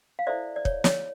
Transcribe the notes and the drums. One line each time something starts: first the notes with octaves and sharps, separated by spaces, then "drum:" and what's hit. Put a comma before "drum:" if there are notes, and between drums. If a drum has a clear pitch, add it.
F5
E4 A4 C5 D5 E5
D5
C#5, drum: kick
C#5, drum: snare